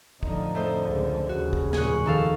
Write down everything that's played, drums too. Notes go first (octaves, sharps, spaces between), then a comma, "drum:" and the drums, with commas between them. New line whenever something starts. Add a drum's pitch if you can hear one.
F2 A2 D3 D#4, drum: kick
A3 C5
C#2
D#2 C#3 F#4
drum: kick
F1 A#2 G#4 C#6 F#6, drum: snare
D#3 A4 F5